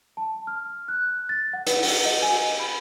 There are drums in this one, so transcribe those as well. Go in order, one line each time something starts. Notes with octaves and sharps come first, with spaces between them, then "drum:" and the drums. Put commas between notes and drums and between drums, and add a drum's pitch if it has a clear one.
A5
F6
F#6
A6
F#5
B4, drum: hi-hat
F#5, drum: open hi-hat
D#5
G#5
B5